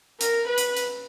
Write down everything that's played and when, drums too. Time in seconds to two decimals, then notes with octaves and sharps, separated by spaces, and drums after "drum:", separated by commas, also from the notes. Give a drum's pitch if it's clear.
0.21 A#4, drum: hi-hat
0.48 B4
0.58 drum: hi-hat
0.77 drum: hi-hat